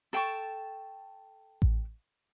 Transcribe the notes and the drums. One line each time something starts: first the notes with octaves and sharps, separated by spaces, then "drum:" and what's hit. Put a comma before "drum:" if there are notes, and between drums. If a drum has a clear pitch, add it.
A4 G5 A5 C#6
drum: kick A1